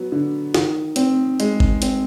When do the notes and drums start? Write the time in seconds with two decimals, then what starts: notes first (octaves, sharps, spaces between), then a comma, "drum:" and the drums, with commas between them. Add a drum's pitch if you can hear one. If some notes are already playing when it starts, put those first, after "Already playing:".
Already playing: F#3 B3
0.12 D3
0.55 D#3, drum: snare
0.96 C4, drum: hi-hat
1.40 G#3, drum: hi-hat
1.60 drum: kick G1
1.82 C4, drum: hi-hat